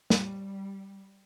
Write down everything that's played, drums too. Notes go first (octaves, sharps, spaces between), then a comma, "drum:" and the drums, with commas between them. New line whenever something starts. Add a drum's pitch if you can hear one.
G3, drum: snare